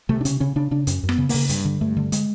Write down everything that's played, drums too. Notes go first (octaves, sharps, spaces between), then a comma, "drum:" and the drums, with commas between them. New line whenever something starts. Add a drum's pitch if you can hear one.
C3 A3
D4
C#3 C#4, drum: hi-hat
C#3 C#4
C#3 D4
C#3 D4
F#2 C#4, drum: hi-hat
F#2
B3, drum: rim click
C#3
C#3 A#3, drum: open hi-hat
G2, drum: hi-hat
D3
G2 A3
D3
G#3, drum: hi-hat